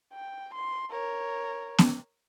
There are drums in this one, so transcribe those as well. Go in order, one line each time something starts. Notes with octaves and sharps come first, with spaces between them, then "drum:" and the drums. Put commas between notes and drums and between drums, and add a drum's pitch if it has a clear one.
G5
C6
A#4 C#5
drum: snare B3